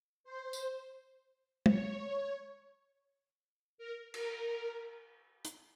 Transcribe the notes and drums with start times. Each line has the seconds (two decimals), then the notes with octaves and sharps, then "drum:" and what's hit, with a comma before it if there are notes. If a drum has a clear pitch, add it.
0.24 C5
0.53 drum: tambourine
1.66 C#5, drum: tom
3.78 A#4
4.14 A#4, drum: cymbal
5.45 drum: hi-hat